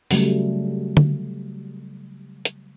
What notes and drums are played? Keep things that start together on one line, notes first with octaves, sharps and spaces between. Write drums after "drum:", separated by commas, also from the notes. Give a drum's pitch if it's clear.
C#3 F#3 G3 A3, drum: open hi-hat
drum: tom D3
drum: hi-hat